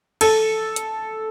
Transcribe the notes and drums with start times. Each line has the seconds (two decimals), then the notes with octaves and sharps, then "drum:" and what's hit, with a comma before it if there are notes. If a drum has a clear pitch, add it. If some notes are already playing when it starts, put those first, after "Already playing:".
0.21 A4, drum: cymbal
0.76 drum: hi-hat